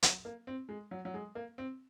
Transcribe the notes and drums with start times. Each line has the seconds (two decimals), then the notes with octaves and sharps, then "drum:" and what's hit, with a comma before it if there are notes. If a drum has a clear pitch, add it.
0.03 F#3, drum: hi-hat
0.25 A#3
0.47 C4
0.69 G#3
0.91 F#3
1.05 F#3
1.14 G#3
1.35 A#3
1.58 C4